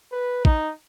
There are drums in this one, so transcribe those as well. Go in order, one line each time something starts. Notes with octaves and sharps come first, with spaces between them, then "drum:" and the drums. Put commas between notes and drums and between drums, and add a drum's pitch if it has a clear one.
B4
D#4, drum: kick